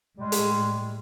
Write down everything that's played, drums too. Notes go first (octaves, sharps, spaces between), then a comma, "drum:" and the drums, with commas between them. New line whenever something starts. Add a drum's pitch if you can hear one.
A2 G3 G#3
drum: hi-hat